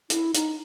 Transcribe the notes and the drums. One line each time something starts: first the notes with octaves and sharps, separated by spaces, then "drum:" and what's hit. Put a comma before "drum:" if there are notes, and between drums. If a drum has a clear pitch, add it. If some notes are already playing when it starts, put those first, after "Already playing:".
E4, drum: hi-hat
D#4, drum: hi-hat